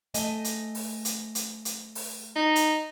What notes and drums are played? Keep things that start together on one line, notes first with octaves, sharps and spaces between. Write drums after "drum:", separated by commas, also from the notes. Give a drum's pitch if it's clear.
A3 D#5 G#5, drum: hi-hat
drum: hi-hat
drum: open hi-hat
drum: hi-hat
drum: hi-hat
drum: hi-hat
drum: open hi-hat
D#4
drum: hi-hat